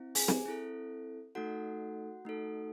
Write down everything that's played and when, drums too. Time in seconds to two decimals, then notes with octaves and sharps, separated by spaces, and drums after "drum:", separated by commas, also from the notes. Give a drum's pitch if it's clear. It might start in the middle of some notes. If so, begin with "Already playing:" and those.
Already playing: C4 E4
0.15 G#4 G#5, drum: open hi-hat
0.28 drum: snare
0.45 C4 E4 A4
1.35 A3 D#4 F#4 A4 F#5
2.25 A3 D#4 A4